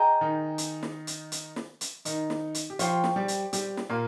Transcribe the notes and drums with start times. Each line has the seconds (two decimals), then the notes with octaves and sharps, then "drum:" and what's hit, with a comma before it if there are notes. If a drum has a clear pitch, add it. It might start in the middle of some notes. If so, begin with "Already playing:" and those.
Already playing: G#4 D#5 G5 A#5
0.21 D#3 D#4
0.58 drum: hi-hat
0.83 drum: snare
1.07 drum: hi-hat
1.32 drum: hi-hat
1.56 drum: snare
1.81 drum: hi-hat
2.05 D#3 D#4, drum: hi-hat
2.30 drum: snare
2.55 drum: hi-hat
2.70 G4
2.79 F3 F4 C5 G5 C#6, drum: hi-hat
3.04 drum: snare
3.16 G3 G4
3.28 drum: hi-hat
3.53 G3 G4, drum: hi-hat
3.77 drum: snare
3.90 A#2 A#3